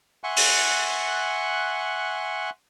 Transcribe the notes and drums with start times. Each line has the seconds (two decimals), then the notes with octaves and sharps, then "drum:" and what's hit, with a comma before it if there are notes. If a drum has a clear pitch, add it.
0.24 E5 F#5 G#5 C6 C#6 F#6
0.37 drum: open hi-hat